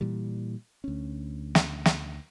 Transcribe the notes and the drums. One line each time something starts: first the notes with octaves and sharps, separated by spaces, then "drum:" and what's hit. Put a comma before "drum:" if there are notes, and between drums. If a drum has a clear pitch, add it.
A#2 E3 G3
D2 C#4
drum: snare
drum: snare